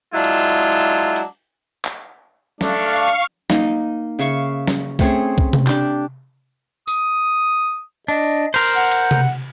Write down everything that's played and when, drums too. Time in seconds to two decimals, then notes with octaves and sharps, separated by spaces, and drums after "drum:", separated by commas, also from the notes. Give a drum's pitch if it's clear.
0.13 F#3 G#3 D4 E4 F4
0.24 drum: hi-hat
1.16 drum: hi-hat
1.85 drum: clap
2.61 A3 D4 F5 C#6, drum: snare
3.50 A#3 D#4, drum: snare
4.19 C#3 E5 F5 C#6
4.67 drum: snare
4.99 A3 C4 C#4 G#4, drum: kick C2
5.38 drum: kick C2
5.53 drum: tom C3
5.67 D4 G4, drum: clap
6.88 D#6, drum: tambourine
8.08 D4 D#5
8.54 A#4 C5, drum: cymbal
8.76 F#5
8.91 drum: cymbal
9.11 drum: tom C3